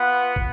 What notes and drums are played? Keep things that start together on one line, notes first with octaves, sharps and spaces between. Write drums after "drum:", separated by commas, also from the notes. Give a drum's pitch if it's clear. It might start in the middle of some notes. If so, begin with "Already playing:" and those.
Already playing: B3 F4 B4 F#5
drum: kick